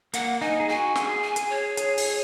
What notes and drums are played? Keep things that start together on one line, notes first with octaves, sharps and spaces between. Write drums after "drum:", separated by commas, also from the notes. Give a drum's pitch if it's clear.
A#3 F#5, drum: hi-hat
D#4 G#5
G#4
F#4 G#5
G#4 G#5, drum: snare
G#5
G#4, drum: hi-hat
C#5
G#4, drum: hi-hat
drum: open hi-hat